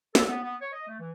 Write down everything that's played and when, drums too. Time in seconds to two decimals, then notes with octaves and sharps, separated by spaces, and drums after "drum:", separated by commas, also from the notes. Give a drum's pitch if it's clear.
0.15 A4, drum: snare
0.29 B3
0.43 B3
0.61 C#5
0.73 D#5
0.88 A3
1.00 E3